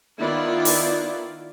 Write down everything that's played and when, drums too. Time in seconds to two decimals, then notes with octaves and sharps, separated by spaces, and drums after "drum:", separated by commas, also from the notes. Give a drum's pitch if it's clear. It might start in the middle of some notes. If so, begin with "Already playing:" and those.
0.18 D#3 B3 E4 F4 D5
0.65 drum: open hi-hat